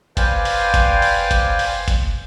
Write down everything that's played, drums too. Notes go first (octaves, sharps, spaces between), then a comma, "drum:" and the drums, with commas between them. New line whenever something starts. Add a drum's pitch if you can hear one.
B4 C5 D5 F5 G5 G#5, drum: kick F#1, hi-hat
drum: open hi-hat
drum: kick F#1, hi-hat
drum: open hi-hat
drum: kick F#1, hi-hat
drum: open hi-hat
drum: kick F#1, hi-hat